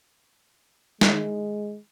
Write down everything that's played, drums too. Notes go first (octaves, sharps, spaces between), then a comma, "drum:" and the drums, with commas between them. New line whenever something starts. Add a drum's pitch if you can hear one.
D#3 G#3 D#4 E4, drum: snare